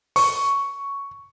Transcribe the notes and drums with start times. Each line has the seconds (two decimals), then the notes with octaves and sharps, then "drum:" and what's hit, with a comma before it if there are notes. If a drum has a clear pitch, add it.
0.16 C#6, drum: open hi-hat